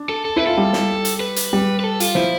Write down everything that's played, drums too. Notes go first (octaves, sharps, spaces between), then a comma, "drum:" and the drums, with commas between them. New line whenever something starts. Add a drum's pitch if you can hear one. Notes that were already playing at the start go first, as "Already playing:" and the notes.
Already playing: D4
A4
A4
E4 B4
F4 A4
G3
drum: snare
drum: hi-hat
B4
drum: hi-hat
G3
B4
A4
F4, drum: hi-hat
F3 E4